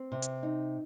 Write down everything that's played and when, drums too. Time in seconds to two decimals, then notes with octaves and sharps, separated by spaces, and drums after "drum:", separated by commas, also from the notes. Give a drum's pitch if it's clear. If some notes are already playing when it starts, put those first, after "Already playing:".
Already playing: C4
0.12 C3
0.22 drum: hi-hat
0.43 D#4